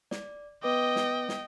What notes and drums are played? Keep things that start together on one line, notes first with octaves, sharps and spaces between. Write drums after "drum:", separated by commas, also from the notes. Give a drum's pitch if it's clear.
D5, drum: snare
B3 B4 D#5 G5 D6
drum: snare
drum: snare